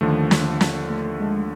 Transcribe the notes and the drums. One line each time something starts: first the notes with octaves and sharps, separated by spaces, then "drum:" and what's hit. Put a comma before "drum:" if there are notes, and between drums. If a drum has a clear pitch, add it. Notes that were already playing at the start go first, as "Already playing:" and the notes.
D#2 D3 D#3 F3 A3
drum: snare
drum: snare
A3
G#3